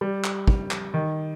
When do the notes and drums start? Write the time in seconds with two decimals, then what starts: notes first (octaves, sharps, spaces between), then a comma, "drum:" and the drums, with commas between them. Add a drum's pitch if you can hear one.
0.01 G3
0.24 drum: clap
0.48 drum: kick
0.71 drum: clap
0.94 D#3